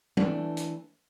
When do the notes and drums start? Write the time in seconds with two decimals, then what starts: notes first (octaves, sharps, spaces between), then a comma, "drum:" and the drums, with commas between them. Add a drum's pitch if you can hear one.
0.17 E3 A3 D4, drum: tom
0.57 drum: hi-hat